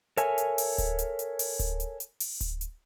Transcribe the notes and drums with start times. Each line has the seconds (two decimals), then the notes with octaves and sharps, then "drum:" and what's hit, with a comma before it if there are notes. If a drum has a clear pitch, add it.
0.17 A4 A#4 C#5 E5 G#5, drum: hi-hat
0.38 drum: hi-hat
0.58 drum: open hi-hat
0.78 drum: kick D1, hi-hat
0.99 drum: hi-hat
1.19 drum: hi-hat
1.39 drum: open hi-hat
1.59 drum: kick D1, hi-hat
1.80 drum: hi-hat
2.00 drum: hi-hat
2.20 drum: open hi-hat
2.41 drum: kick D1, hi-hat
2.61 drum: hi-hat